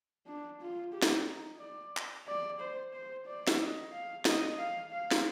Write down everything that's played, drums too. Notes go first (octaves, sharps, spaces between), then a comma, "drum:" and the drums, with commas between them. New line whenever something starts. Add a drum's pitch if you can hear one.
D4
F4
G4
drum: snare
D#4
D5
drum: clap
D5
C5
C5
D5
drum: snare
D#5
F5
D#5, drum: snare
F5
F5
drum: snare